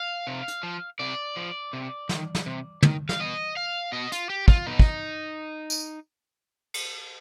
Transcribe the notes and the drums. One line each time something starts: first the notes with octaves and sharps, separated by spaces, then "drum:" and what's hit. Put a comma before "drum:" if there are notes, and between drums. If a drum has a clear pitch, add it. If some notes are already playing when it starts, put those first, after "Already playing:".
Already playing: F5
C3
drum: hi-hat
F3
C3 D5
F3
C3
D#3, drum: snare
drum: snare
C3
D#3, drum: tom
F5, drum: snare
B2 D#5
F5
B2 D#5
F4, drum: hi-hat
G4
F4, drum: kick
B2 D#4
drum: kick
drum: tambourine
drum: cymbal